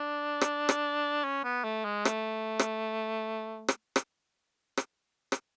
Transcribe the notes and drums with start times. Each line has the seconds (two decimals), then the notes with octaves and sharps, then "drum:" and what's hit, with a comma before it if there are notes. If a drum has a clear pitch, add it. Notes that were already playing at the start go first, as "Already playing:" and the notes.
Already playing: D4
0.41 drum: rim click
0.69 drum: rim click
1.24 C#4
1.44 B3
1.64 A3
1.85 G#3
2.05 A3, drum: rim click
2.59 drum: rim click
3.68 drum: rim click
3.96 drum: rim click
4.77 drum: rim click
5.32 drum: rim click